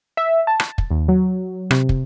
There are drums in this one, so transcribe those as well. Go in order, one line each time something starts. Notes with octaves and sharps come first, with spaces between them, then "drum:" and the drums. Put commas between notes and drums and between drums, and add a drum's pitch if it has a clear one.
E5
A5
drum: rim click
drum: kick
D#2
F#3
C3, drum: rim click
drum: kick